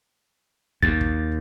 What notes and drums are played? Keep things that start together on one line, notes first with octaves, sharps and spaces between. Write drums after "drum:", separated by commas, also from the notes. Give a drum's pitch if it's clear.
D#2 A6, drum: kick
drum: kick